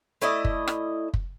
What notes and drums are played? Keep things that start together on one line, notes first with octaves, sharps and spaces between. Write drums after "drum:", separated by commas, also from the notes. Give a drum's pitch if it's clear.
A3 E4 D5 D#5
drum: kick
drum: rim click
drum: kick